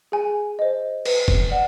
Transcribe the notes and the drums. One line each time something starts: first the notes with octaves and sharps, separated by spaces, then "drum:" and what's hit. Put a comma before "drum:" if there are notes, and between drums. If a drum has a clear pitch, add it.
G#4 G#5
C5 D#5
B4, drum: cymbal
drum: kick F1
D5 F#5